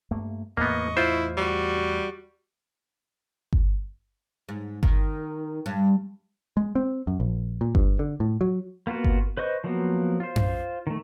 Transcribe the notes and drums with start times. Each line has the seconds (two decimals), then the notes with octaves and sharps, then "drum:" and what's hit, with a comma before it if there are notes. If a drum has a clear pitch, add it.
0.11 G2 A3 A#3
0.57 E2 A2 A#3 B3 D#5 C#6
0.97 E4 F4 C5
1.38 G3 F#4
3.53 drum: kick G1
4.49 G#2
4.83 D#3, drum: kick G1
5.66 G2
6.57 G#3
6.75 C4
7.07 F#2
7.20 A#1
7.61 A#2
7.75 G2, drum: kick G1
7.99 D3
8.20 A2
8.41 F#3
8.87 A#3 B3 F4 F#4
9.04 drum: kick G1
9.37 B4 C5 D#5 C#6
9.64 F3 F#3 A#3 B3 F#4
10.20 F4 C5
10.36 drum: tom F#2
10.87 D#3 A3